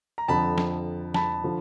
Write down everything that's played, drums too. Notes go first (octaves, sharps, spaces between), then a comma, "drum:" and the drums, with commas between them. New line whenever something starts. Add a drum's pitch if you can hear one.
A#5
F2 D3 F3 A5 B5
drum: snare
A5 B5, drum: snare
D3 F3